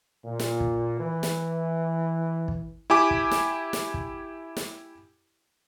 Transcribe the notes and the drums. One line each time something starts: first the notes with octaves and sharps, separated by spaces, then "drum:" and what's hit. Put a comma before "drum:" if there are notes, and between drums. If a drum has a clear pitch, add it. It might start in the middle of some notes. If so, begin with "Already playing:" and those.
A#2
drum: snare
drum: kick
E3
drum: snare
drum: kick
E4 G4 G#5 D6
drum: kick
drum: snare
drum: snare
drum: kick
drum: snare